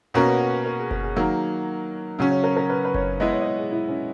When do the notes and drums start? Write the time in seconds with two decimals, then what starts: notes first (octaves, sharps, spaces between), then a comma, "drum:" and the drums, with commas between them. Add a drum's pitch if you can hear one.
0.14 B2 A#3 C#4 F#4 A#4 C#5
0.27 B4
0.40 B4
0.52 B4
0.66 A#4
0.78 G#4
0.91 A#4, drum: kick F#1
1.04 G#4
1.16 D#3 F#3 A#3
2.19 C#3 F#3 C#4
2.31 C#5
2.44 A#4
2.57 A#4
2.69 B4
2.84 B4
2.94 C#5, drum: kick F#1
3.20 G#3 B3 E4 B4 D#5 E5
3.32 C#5
3.41 D#5
3.45 C#5
3.58 G#4
3.71 E4
3.88 C#4